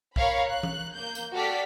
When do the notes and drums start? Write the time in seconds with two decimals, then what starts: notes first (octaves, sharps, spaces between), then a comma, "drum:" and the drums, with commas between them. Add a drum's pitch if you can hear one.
0.16 A#4 C#5 F5 B5, drum: kick B1
0.48 F#6
0.63 drum: tom E3
0.96 A#3 G6
1.15 drum: tambourine
1.35 F#4 G4 A4 D5 F6 B6